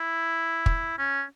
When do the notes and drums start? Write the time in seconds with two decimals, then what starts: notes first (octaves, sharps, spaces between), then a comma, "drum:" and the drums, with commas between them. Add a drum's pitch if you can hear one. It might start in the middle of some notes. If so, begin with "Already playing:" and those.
Already playing: E4
0.66 drum: kick
0.98 C#4